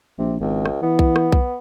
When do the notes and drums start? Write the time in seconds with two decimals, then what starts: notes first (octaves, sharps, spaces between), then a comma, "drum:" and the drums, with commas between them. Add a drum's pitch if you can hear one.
0.19 A#1 C3
0.41 G#1 C#2
0.66 drum: rim click
0.82 E3 B3
0.99 drum: kick B1
1.16 drum: rim click
1.32 drum: kick B1